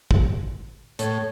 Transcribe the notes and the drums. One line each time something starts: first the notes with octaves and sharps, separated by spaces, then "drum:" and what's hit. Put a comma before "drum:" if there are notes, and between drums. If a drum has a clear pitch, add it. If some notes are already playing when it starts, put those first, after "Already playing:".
drum: kick
A2 C#5, drum: hi-hat